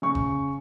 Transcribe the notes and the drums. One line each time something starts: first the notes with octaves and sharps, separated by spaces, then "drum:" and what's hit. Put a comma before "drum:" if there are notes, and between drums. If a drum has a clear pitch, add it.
C#3 C#6
drum: kick F#1